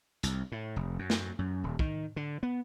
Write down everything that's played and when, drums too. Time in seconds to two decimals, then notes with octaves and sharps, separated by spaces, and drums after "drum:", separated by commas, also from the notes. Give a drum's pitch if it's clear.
0.23 C2, drum: hi-hat
0.52 A2
0.76 F1
0.99 F#2
1.10 drum: snare
1.39 F#2
1.64 D#1
1.79 D#3, drum: kick
2.16 D3
2.43 B3